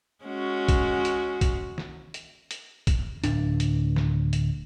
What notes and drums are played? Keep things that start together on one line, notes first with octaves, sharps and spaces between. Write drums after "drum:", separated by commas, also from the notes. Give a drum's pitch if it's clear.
G#3 C#4 F#4
drum: kick B1, hi-hat
drum: hi-hat
drum: kick B1, hi-hat
drum: snare
drum: hi-hat
drum: hi-hat
drum: kick B1, hi-hat
D1 D4, drum: hi-hat
drum: hi-hat
drum: snare
drum: hi-hat